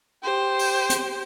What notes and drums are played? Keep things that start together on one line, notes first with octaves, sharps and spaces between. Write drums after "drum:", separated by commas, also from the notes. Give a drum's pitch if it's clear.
G4 C5
drum: open hi-hat
drum: hi-hat